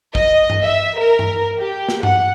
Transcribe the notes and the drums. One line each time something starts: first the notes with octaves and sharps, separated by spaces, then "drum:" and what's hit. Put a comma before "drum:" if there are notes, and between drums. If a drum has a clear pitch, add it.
D#5, drum: kick
drum: tom G2
E5
A#4
drum: tom G2
G4
drum: snare
F#5, drum: tom G2